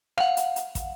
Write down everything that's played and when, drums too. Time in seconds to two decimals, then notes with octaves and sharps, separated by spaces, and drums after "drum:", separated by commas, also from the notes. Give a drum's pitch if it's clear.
0.18 F5 F#5, drum: rim click
0.37 drum: hi-hat
0.56 drum: hi-hat
0.75 drum: kick, hi-hat